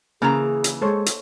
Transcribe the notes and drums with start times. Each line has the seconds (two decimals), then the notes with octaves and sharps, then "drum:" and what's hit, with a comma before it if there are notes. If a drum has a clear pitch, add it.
0.22 C#3 E3 A#3 G#4 A#5
0.64 drum: hi-hat
0.82 G#3 A4 C5 C#5
1.06 drum: hi-hat